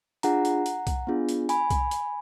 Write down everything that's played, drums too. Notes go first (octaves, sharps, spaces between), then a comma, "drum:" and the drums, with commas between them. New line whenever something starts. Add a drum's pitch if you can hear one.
D4 F4 G#4 F#5 A#5, drum: hi-hat
drum: hi-hat
drum: hi-hat
drum: kick B1, hi-hat
B3 D4 F4 G#4
drum: hi-hat
G#5 B5, drum: hi-hat
drum: kick B1, hi-hat
drum: hi-hat